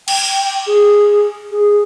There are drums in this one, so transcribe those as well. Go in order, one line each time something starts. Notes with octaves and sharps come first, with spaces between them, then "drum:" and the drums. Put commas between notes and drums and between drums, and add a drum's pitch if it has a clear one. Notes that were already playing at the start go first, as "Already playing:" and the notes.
G5, drum: cymbal
G#4
G#4